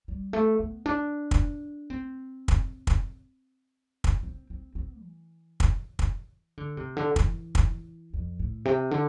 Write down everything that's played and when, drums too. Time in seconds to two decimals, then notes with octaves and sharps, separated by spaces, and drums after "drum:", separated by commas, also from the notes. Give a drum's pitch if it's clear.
0.08 G3
0.33 A3
0.60 B3
0.86 D4
1.31 drum: kick
1.90 C4
2.48 drum: kick
2.87 drum: kick
4.04 drum: kick
4.23 C4
4.50 C4
4.75 C4
5.02 E3
5.60 drum: kick
5.99 drum: kick
6.57 D3
6.77 C3
6.97 D3
7.16 E3, drum: kick
7.55 drum: kick
8.13 F2
8.39 A2
8.65 C3
8.91 D3